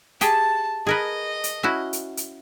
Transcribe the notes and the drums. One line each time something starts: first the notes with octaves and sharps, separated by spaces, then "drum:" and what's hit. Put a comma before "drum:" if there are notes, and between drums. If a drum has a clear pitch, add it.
G4 G#4 G5 A5, drum: hi-hat
G#4 A#4 B4 D#5
drum: hi-hat
C#4 E4 F#4
drum: hi-hat
drum: hi-hat